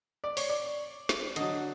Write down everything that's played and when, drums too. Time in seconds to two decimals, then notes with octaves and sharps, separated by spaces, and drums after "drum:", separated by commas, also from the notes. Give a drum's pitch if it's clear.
0.24 D5
0.37 C#5, drum: open hi-hat
0.49 D5
1.09 drum: snare
1.36 D3 F#3 D#5, drum: hi-hat